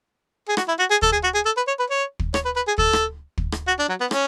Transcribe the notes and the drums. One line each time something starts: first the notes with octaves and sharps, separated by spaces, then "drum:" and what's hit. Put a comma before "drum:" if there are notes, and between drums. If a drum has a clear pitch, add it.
G#4
F#4, drum: rim click
E4
F#4
G#4
A4, drum: kick
G#4
F#4
G#4
A4
B4
C#5
B4
C#5
drum: kick
C#5, drum: rim click
B4
B4
G#4
A4, drum: kick
drum: rim click
drum: kick
drum: rim click
F#4
D4
F#3
B3
C#4, drum: rim click